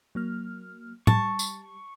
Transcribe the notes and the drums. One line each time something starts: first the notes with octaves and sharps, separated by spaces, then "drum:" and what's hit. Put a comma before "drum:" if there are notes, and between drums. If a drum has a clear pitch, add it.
F#3 A#3 F6
G3 A5 C#6, drum: tom
drum: tambourine